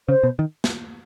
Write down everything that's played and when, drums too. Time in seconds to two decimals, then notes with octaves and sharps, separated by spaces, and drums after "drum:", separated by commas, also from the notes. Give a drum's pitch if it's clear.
0.09 C#3 C5
0.23 B2
0.39 D#3
0.64 drum: snare